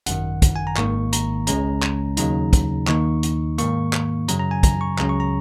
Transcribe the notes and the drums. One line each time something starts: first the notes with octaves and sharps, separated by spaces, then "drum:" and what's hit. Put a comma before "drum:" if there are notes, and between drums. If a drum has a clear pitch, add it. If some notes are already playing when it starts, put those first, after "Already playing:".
G#1 F#2 D#3 F#5, drum: hi-hat
drum: kick, hi-hat
G#5
A#5
G#1 G#2 D#3 A#3 C#6, drum: clap
A#5, drum: hi-hat
C#2 C#3 G#3 C#4 A#5, drum: hi-hat
drum: clap
D#2 C#3 F#3 D#4 A#5, drum: hi-hat
drum: kick, hi-hat
D#2 D#3 A#3 D#4 C#6, drum: clap
drum: hi-hat
G#2 D#3 A#3 C#6, drum: hi-hat
drum: clap
F#2 C#3 F#3 A#5, drum: hi-hat
A#5
G#5
A#5, drum: kick, hi-hat
C#6
C#2 C#3 F#3 C#4 A#5, drum: clap
C#6
A#5